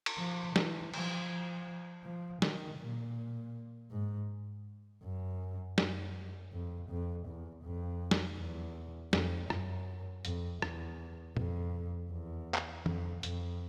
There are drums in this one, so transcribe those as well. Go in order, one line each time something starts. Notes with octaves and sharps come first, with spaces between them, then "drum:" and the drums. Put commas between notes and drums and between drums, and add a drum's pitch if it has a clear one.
drum: cymbal
F3
E3, drum: snare
F3, drum: cymbal
F3
D#3, drum: snare
A#2
G#2
F#2
F#2, drum: snare
F2
F2
E2
F2
drum: snare
E2
F2, drum: snare
F#2, drum: rim click
F2, drum: hi-hat
E2, drum: rim click
F2, drum: tom
E2
drum: clap
F2, drum: tom
F2, drum: hi-hat